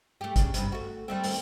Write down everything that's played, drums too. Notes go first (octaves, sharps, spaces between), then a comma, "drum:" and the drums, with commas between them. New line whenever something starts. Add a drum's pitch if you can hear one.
A3 G4
C#3 D4, drum: kick G#1, hi-hat
E2 G2 C3, drum: hi-hat
A3 F#4
G3 A3 C4
D#2 C4, drum: open hi-hat